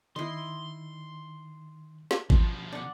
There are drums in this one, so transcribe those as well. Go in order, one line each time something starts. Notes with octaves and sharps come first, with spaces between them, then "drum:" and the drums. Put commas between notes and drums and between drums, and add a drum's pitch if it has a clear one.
D#3 E4 D#5 C6
drum: snare
B2 F3, drum: kick G#1
D4 F#5